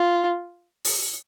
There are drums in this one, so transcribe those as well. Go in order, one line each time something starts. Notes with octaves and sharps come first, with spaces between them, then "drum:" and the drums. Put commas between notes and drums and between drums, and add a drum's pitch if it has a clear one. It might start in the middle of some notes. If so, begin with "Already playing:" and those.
Already playing: F4
drum: open hi-hat